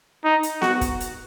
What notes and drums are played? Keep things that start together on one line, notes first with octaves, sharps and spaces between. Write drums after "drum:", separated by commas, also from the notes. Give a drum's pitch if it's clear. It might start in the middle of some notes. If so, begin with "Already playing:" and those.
D#4
drum: hi-hat
F#4, drum: snare B3
drum: kick, hi-hat
drum: hi-hat